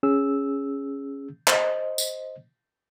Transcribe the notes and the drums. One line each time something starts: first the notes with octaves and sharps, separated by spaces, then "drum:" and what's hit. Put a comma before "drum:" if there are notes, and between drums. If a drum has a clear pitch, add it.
C#4 G#4 E6
C5 D#5, drum: clap
drum: tambourine